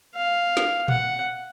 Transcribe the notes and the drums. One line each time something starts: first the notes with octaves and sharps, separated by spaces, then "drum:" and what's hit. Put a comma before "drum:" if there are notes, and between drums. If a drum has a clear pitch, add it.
F5
drum: snare
F#5, drum: tom A#2